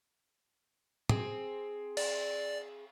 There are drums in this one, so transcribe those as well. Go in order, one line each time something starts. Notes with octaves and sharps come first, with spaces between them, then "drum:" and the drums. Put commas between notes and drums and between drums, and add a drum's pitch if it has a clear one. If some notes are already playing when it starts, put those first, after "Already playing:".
C4 G#4, drum: tom
D5, drum: cymbal